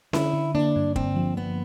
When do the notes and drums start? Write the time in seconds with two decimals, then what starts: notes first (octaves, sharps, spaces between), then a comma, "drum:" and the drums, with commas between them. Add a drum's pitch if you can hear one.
0.13 D3 E4, drum: snare C#4
0.33 D3
0.55 A#3 D4
0.76 G2
0.96 D3 C4, drum: kick
1.16 F3
1.37 F3 B3